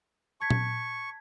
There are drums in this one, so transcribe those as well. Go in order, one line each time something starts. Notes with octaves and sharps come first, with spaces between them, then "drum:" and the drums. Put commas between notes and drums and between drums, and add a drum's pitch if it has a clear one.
A5 C#6 G#6 B6
drum: tom A#2